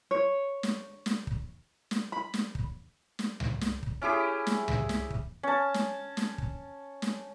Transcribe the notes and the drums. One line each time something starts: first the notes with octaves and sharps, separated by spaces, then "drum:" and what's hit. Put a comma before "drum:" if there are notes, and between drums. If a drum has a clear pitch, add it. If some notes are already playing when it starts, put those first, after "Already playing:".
C#5
drum: snare
drum: snare
drum: kick
drum: snare
B5
drum: snare
drum: kick
drum: snare
drum: tom C#2
drum: snare
drum: kick
C#4 E4 G4 G#4
drum: snare
drum: tom C#2
drum: snare
drum: kick
C#4 A5
drum: snare
drum: snare
drum: kick
drum: snare